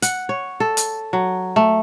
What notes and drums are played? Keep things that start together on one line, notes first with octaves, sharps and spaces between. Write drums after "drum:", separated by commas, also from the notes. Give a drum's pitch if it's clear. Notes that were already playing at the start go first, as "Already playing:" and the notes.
F#5, drum: hi-hat
C#5
A4
drum: hi-hat
F#3
A3